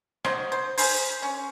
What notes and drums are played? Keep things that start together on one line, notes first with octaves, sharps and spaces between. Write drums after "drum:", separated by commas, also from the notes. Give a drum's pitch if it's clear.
F#3 C5 D#5, drum: rim click
C5
G#4 A#4 C5, drum: open hi-hat
C#4